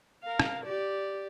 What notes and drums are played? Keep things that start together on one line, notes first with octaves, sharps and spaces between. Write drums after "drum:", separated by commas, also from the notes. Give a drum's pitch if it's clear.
A#4 F5
drum: rim click
G4 D5